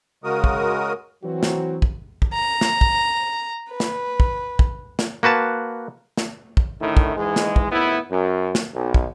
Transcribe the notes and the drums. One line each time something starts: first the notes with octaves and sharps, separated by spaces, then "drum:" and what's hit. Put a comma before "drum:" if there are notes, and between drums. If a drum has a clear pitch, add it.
C#3 G#3 F#4 A#4 D#6
drum: kick
E3 F#3 C4 F#4
drum: snare
drum: kick
drum: kick
A#5
drum: snare
drum: kick
B4
drum: snare
drum: kick
drum: kick
drum: snare
A#3 F#4 B4 A5
drum: snare
drum: kick
A2 D3 D#3 A3 E4
drum: kick
G#2 E3 G#3
drum: snare
drum: kick
G#1 A2 B3 E4
F#2
drum: snare
B1
drum: kick